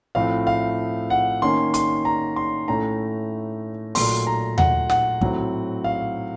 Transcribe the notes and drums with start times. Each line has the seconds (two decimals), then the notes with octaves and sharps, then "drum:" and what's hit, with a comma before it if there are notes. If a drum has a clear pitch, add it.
0.15 A2 F3 A3 C4 F5
0.47 F5
1.10 F#5
1.42 D#3 A#3 C#4 C6
1.74 C6, drum: hi-hat
2.05 A#5
2.36 C6
2.68 A2 A3 C#4 A#5
3.95 A#2 F#3 A3 C6, drum: open hi-hat
4.27 A#5
4.58 F#5, drum: tom D#2
4.90 F#5, drum: snare
5.21 A2 F#3 C4, drum: kick
5.84 F5